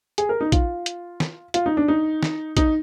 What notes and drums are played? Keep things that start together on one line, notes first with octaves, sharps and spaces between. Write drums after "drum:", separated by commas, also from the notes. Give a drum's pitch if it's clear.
G#4, drum: hi-hat
A#4
D#4
F4, drum: kick A#1, hi-hat
drum: hi-hat
drum: snare
F4, drum: hi-hat
D#4
D4
D#4
drum: snare
D#4, drum: kick A#1, hi-hat